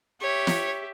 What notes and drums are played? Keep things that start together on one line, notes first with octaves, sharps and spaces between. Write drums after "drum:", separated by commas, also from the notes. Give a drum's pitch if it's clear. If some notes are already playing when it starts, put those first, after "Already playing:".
G4 C#5 E5
drum: snare